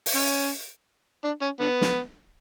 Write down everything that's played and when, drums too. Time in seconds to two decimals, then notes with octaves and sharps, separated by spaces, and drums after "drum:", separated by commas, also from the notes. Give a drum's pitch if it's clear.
0.06 drum: open hi-hat
0.15 C#4
1.25 D4
1.42 C#4
1.61 D3 B3
1.81 drum: snare